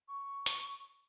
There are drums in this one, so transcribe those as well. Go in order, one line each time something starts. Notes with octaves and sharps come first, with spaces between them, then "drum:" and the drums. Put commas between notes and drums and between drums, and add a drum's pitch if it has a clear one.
C#6
drum: hi-hat